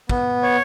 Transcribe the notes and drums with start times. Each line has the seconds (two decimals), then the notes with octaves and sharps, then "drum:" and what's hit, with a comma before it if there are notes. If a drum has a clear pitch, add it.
0.09 B3, drum: kick
0.43 C#5